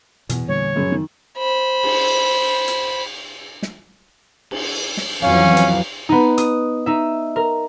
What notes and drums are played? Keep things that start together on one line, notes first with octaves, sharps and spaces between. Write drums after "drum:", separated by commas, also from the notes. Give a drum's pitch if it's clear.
E2 B2, drum: hi-hat
A#2 D3 G3 C#5
F#2 C#3
D#3
C5 B5
drum: cymbal
drum: hi-hat
drum: snare
drum: cymbal
drum: snare
F2 E3 F#3 C#4 F5
drum: hi-hat
B3 D#4
D#6, drum: hi-hat
D#4 E5
A#4